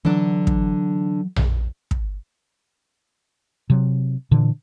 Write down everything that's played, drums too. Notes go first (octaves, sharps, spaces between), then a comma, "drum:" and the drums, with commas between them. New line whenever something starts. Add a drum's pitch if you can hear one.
D3 E3 F#3 D4
drum: kick
drum: tom A#1
drum: kick
C3 F#3
A#2 D3 E3